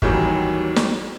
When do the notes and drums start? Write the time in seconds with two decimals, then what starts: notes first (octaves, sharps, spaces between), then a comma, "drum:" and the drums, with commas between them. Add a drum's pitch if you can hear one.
0.02 D#2 D#3 E3 F#3 G3, drum: kick G1
0.76 drum: snare